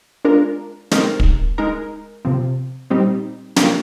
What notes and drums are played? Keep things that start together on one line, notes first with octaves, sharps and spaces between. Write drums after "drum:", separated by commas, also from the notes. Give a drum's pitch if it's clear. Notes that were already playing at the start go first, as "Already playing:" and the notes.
G#3 D4 F4 A#4
G#3 C4 D#4 G4 A#4, drum: snare
drum: kick
G#3 D#4 A#4
C3 F3 C4
A#2 G3 C4 D#4 G4
F3 A#3 D4 G4 A#4, drum: snare